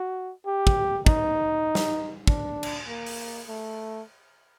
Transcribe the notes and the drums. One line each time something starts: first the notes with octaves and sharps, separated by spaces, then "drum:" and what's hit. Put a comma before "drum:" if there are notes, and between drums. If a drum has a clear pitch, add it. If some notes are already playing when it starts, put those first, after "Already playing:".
Already playing: F#4
G4
drum: kick
D#4, drum: kick
drum: snare
D4, drum: kick
drum: cymbal
A#3
drum: open hi-hat
A3